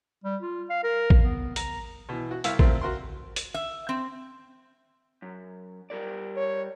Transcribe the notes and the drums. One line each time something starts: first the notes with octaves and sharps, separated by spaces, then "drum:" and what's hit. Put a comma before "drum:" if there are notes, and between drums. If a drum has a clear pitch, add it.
G3
F4
F5
A#4
drum: kick A1
B3
A#5, drum: hi-hat
B2 E3
F#4
C2 E5 F5, drum: hi-hat
A#2 A3 A#3 C4, drum: kick A1
F#4 A#4 C6
drum: hi-hat
E5
C4
F#2
G3 A#4 D5
C#5